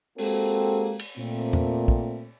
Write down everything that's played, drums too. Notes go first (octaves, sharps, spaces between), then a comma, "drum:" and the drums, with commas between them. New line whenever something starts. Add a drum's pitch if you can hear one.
G#3 A#3 C4 F#4 G4 A4, drum: open hi-hat
drum: cymbal
A#2 A3 C4
drum: tom E2
drum: kick